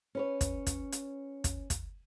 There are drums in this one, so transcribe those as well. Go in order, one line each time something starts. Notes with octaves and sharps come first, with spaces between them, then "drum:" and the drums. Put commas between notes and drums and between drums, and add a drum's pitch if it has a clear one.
C#4 B4 C#5
drum: kick, hi-hat
drum: kick, hi-hat
drum: hi-hat
drum: kick, hi-hat
drum: kick, hi-hat